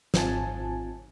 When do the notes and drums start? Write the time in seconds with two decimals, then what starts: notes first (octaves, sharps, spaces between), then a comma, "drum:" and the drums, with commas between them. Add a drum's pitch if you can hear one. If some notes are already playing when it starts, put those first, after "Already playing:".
0.14 G#1 C4 F4 G#5 A5, drum: snare